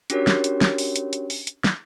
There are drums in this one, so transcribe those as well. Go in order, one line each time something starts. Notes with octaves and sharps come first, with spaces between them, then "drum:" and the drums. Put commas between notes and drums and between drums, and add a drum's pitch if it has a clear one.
C#4 D4 F#4 G4 A#4 C#5, drum: hi-hat
drum: snare
drum: hi-hat
drum: snare
drum: open hi-hat
drum: hi-hat
drum: hi-hat
drum: open hi-hat
drum: hi-hat
drum: snare